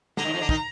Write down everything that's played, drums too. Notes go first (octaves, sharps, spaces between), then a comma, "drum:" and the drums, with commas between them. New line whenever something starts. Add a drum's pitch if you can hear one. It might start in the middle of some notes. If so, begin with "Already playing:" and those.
D3 A#5, drum: snare
D#2 D#3
F2 F3
D3 D4
D#3 D#4, drum: kick